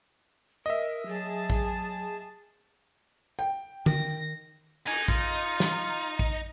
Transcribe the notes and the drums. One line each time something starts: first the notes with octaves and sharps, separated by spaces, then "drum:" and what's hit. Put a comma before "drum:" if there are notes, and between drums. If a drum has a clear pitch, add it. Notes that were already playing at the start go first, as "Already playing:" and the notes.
A#4 D#5 E5
F#3 G#4 A5
drum: kick
G5
D#3 A#6, drum: tom D3
D#4 G#5, drum: cymbal
F4, drum: kick
drum: snare
drum: kick